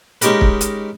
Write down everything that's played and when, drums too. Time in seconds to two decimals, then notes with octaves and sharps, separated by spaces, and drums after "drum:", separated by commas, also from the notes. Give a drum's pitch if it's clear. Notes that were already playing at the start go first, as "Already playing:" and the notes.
0.22 G#3 C#4 D#4 G4 A#4 B4, drum: hi-hat
0.41 drum: kick
0.61 drum: hi-hat